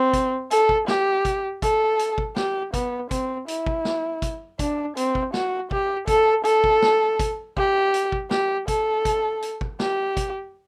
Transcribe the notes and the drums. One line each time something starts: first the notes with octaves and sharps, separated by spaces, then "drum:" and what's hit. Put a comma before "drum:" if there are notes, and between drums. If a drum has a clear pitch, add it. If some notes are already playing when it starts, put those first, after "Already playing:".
Already playing: C4
drum: kick, hi-hat
A4, drum: hi-hat
drum: kick
G4, drum: snare
drum: kick, hi-hat
A4, drum: kick, hi-hat
drum: hi-hat
drum: kick
G4, drum: snare
B3, drum: kick, hi-hat
C4, drum: kick, hi-hat
E4, drum: hi-hat
drum: kick
drum: snare
drum: kick, hi-hat
D4, drum: kick, hi-hat
C4, drum: hi-hat
drum: kick
F#4, drum: snare
G4, drum: kick
A4, drum: kick, hi-hat
A4, drum: hi-hat
drum: kick
drum: snare
drum: kick, hi-hat
G4, drum: kick
drum: hi-hat
drum: kick
G4, drum: snare
A4, drum: kick, hi-hat
drum: kick, hi-hat
drum: hi-hat
drum: kick
G4, drum: snare
drum: kick, hi-hat